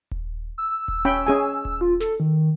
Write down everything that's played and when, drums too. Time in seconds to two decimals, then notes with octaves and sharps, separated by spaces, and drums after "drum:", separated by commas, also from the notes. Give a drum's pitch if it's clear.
0.11 drum: kick D#1
0.58 E6
0.88 drum: kick D#1
1.05 C#4 G5 B5
1.27 C#4 G#4 G#5
1.65 drum: kick D#1
1.81 F4
2.00 A4, drum: snare
2.20 D#3